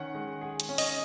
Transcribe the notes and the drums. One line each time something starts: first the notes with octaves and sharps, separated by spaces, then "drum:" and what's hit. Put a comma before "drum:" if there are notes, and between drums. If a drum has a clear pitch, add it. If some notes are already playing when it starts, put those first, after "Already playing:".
Already playing: D#3 C#4 F#5
G#3
G#4
drum: hi-hat
C#4
D#5, drum: open hi-hat